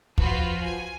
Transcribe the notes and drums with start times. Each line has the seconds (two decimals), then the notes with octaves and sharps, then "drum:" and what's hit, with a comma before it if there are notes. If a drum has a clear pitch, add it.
0.18 F3 F4 F#4 B4, drum: kick
0.63 G#5